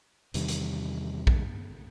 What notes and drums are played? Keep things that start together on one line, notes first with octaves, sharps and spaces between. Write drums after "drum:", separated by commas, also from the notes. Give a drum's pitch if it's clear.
E2 C3 D#3 G3, drum: hi-hat
drum: hi-hat
drum: kick